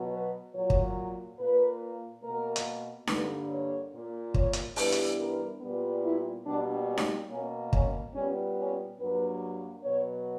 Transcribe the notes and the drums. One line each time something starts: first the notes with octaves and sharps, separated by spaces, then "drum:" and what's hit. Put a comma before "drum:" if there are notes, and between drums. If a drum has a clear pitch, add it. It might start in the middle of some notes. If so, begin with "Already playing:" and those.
Already playing: B2 F#3 B3
B4
A#2 F#3 A#3 C#5
drum: kick
A#2 A#3 B4
B2 A#3 A#4
drum: hi-hat
G2 D3 A#3 B4, drum: snare D#4
C#5
A#2 A#3
C#5, drum: kick
drum: hi-hat
G2 E3 G3 B3 B4, drum: open hi-hat
drum: hi-hat
A#4
A#2 G3 B3
E4
B2 G3 A#3 D4
C#4
drum: snare D#4
B2 A#3 C#4
C#4, drum: kick
A#2 G3 B3 C#4
C#4
G2 F#3 A#3 B4
B2 F#3 B3 C#5